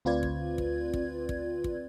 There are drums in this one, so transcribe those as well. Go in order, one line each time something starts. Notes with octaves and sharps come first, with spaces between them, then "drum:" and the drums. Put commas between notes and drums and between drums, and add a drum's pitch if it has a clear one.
D2 C4 F4 B4 D5 G#6
drum: kick
drum: kick
drum: kick
drum: kick
drum: kick